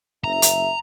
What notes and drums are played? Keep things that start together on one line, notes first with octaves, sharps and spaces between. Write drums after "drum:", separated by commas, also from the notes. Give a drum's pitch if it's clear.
F#1 E5 A#5
drum: hi-hat